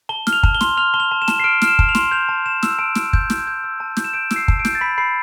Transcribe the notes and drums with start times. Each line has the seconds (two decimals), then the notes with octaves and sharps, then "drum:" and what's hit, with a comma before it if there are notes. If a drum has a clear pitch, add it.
0.09 A5 G7
0.27 F6, drum: snare
0.33 F7
0.43 A5, drum: kick
0.55 G7
0.61 C6, drum: snare
0.77 F6 F7
0.94 A5 G7
1.00 F7
1.11 A5
1.22 E7
1.28 A5, drum: snare
1.40 C7
1.44 F6 D7
1.62 F6, drum: snare
1.68 E7
1.79 A5, drum: kick
1.89 F7
1.95 C6, drum: snare
2.11 G6 F7
2.29 A5
2.46 A5 E7
2.63 E6, drum: snare
2.79 A5 D7
2.95 E6, drum: snare
3.13 G6, drum: kick
3.30 G6, drum: snare
3.47 G6
3.64 E6
3.80 A5
3.97 G6, drum: snare
4.04 E7
4.14 G6 D7
4.31 E6, drum: snare
4.36 C7
4.48 A5, drum: kick
4.59 D7
4.65 G6, drum: snare
4.75 A6
4.81 B5 B6
4.98 B5 C7